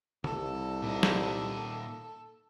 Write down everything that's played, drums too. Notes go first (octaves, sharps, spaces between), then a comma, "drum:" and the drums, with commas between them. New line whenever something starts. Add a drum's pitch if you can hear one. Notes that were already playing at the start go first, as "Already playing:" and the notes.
C2 A4, drum: tom C#3
A#2 D#4
drum: snare